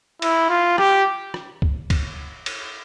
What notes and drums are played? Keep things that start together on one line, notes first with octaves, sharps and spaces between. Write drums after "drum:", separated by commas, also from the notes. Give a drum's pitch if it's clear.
E4, drum: cymbal
F4
G4, drum: rim click
drum: rim click
drum: kick
drum: kick, cymbal
drum: cymbal